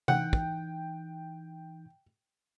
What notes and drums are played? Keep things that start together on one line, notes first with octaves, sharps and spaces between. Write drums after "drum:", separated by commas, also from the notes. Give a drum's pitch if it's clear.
E3 D#4 F#5 G5, drum: tom C3
drum: kick